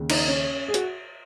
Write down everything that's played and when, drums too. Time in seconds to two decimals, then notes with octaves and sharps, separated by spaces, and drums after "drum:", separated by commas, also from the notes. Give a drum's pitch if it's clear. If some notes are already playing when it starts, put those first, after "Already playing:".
Already playing: D#2 C#3
0.10 D#4, drum: cymbal
0.28 C#4
0.68 G#4
0.74 F#4, drum: hi-hat